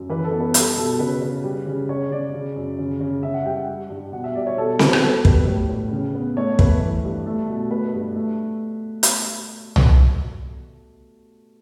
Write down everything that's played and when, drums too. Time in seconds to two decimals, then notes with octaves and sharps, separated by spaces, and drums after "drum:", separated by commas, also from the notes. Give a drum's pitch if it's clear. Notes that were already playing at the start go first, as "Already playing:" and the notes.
Already playing: F#2
0.09 E3 B4
0.24 A4
0.32 B3
0.40 B4
0.54 G3 A4, drum: hi-hat
0.77 B2 A4
0.99 C#3 B4
1.22 C#3
1.44 G3
1.66 C#3
1.89 C#3 C#5
2.11 C#3 D5
2.34 C#3
2.56 F#2
2.78 C#3
3.00 C#3
3.23 C#3 E5
3.34 F#5
3.45 G3 G5
3.57 F#5
3.67 G3
3.90 G2
4.12 B2 F#5
4.24 E5
4.35 G3 D5
4.47 C#5
4.58 B2 A4
4.79 B2 B4, drum: snare
4.93 drum: rim click
5.03 B3 A4
5.25 G3 B4, drum: kick
5.47 A2
5.69 A2
5.91 C#3
6.14 B3
6.37 A3 C#5
6.59 A3 B4, drum: kick
6.81 E3
7.04 G2
7.26 A3
7.49 B2
7.71 A3 B4
7.94 G2
8.15 A3
9.03 drum: hi-hat
9.76 drum: tom C2